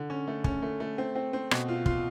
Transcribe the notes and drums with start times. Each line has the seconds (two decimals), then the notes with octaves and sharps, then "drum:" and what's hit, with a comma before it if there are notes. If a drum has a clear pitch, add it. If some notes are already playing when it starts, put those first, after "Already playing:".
Already playing: D3
0.10 C#4
0.27 A3
0.44 C#4, drum: kick
0.62 A3
0.80 A3
0.98 C4
1.15 C4
1.33 C4
1.51 B2, drum: rim click
1.68 F4
1.86 F4, drum: kick